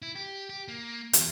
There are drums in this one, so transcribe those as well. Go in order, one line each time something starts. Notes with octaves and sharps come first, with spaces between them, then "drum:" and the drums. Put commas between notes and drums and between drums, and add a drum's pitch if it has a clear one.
E4
G4
G4
A#3
E2, drum: hi-hat